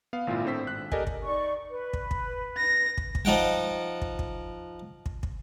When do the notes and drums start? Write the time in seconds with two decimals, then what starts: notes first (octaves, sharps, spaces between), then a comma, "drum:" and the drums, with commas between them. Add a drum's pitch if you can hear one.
0.13 B3 F5
0.27 G#1 A#2 E4 F4
0.45 A2 C4 D4 C5 E6 B6
0.65 G#1 F#6
0.92 G4 A4 A#4 D5 D#5 G#5, drum: kick
1.07 drum: kick
1.24 D#4 D5 C#6
1.71 B4
1.93 drum: kick
2.11 drum: kick
2.58 A#6
2.98 drum: kick
3.15 drum: kick
3.25 F3 D#4 F#5 G5
4.02 drum: kick
4.19 drum: kick
5.06 drum: kick
5.23 drum: kick